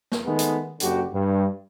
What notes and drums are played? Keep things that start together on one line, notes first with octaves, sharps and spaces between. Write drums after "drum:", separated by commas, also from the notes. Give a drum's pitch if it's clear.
drum: snare
D#3 G#3 A3 B3
drum: hi-hat
F#1 D3 F#4 G4, drum: hi-hat
G2